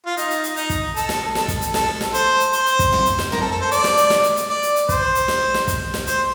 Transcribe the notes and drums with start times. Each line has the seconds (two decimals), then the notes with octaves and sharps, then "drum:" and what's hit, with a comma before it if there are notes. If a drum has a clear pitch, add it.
0.06 F4
0.17 D#4, drum: hi-hat
0.30 drum: hi-hat
0.43 drum: hi-hat
0.56 D#4, drum: hi-hat
0.70 drum: kick, hi-hat
0.96 A4, drum: hi-hat
1.09 drum: snare
1.35 A4, drum: snare
1.48 drum: kick, hi-hat
1.61 drum: hi-hat
1.74 A4, drum: snare
2.01 drum: snare
2.14 C5, drum: hi-hat
2.40 drum: hi-hat
2.53 C5, drum: hi-hat
2.66 drum: hi-hat
2.79 drum: kick, hi-hat
2.92 drum: tom
3.05 drum: hi-hat
3.19 drum: snare
3.32 A#4, drum: tom
3.41 A4
3.51 A4
3.61 C5
3.71 D5, drum: hi-hat
3.84 drum: snare
3.97 drum: hi-hat
4.10 drum: snare
4.23 drum: hi-hat
4.36 drum: hi-hat
4.50 D5
4.63 drum: hi-hat
4.76 drum: hi-hat
4.89 C5, drum: kick, hi-hat
5.15 drum: hi-hat
5.28 drum: snare
5.54 drum: snare
5.67 drum: kick, hi-hat
5.94 drum: snare
6.07 C5, drum: hi-hat